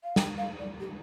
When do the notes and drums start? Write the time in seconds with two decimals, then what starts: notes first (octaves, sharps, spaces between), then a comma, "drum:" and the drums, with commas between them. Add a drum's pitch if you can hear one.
0.04 F5
0.16 G5, drum: snare
0.38 F5
0.59 D5
0.80 G4